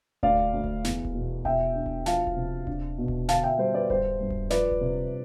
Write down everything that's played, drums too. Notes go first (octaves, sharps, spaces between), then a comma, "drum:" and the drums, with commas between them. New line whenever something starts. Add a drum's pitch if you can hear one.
D2 D5 F5, drum: kick D#1
D2
drum: kick D#1
E2, drum: snare
drum: kick D#1
B2
B2 E5 G5, drum: kick D#1
D4
drum: kick D#1
F3 F5 A5, drum: snare
drum: kick D#1
C3
D4, drum: kick D#1
B2
drum: kick D#1
D3 F5 A5, drum: snare
E5 G5
G3 C5
B4 D5
G2 C5, drum: kick D#1
G2
drum: kick D#1
F3 B4 D5, drum: snare
drum: kick D#1
C3